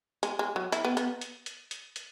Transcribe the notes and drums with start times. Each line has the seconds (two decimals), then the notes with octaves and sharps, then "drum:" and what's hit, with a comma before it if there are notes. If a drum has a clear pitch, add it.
0.23 G#3, drum: hi-hat
0.39 G#3
0.56 F#3
0.72 E4, drum: hi-hat
0.85 B3
0.97 B3, drum: hi-hat
1.21 drum: hi-hat
1.46 drum: hi-hat
1.71 drum: hi-hat
1.96 drum: hi-hat